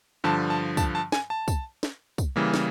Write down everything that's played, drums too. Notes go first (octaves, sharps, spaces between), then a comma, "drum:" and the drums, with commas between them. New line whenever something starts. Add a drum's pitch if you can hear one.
G2 D3 F3 A5
A5
A5, drum: kick, tambourine
A5
G#5, drum: snare
A5
drum: kick, tambourine
drum: snare
drum: kick, tambourine
C#3 E3 G3 A#3
drum: snare